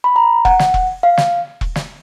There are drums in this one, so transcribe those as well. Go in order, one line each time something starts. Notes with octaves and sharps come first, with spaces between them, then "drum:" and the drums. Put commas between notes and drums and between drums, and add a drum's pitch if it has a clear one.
B5
A#5
F#5, drum: kick E1
drum: snare
drum: kick E1
F5
drum: snare
drum: kick E1
drum: snare